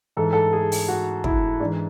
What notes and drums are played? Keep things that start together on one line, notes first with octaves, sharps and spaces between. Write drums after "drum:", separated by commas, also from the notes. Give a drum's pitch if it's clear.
G#2 E3 A4
A4
G#4
drum: open hi-hat
F#4
E4, drum: kick
G#2 E3 D4